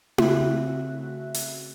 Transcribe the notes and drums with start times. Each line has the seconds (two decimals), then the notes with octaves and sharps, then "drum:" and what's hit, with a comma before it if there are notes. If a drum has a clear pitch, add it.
0.18 C#3 A3 C4 F#4 E5 F#6, drum: tom E4
1.34 drum: hi-hat